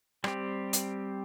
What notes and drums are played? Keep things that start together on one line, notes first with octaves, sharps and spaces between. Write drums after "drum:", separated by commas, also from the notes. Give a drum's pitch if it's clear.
G3 C4 G4, drum: rim click
drum: hi-hat